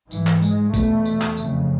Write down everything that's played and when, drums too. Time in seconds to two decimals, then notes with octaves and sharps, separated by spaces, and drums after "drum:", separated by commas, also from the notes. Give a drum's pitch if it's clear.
0.11 G#2 E3, drum: tambourine
0.27 drum: clap
0.42 G#3, drum: tambourine
0.74 E2 B2 A3, drum: kick, tambourine
1.05 drum: tambourine
1.21 drum: clap
1.37 F2 C#3, drum: tambourine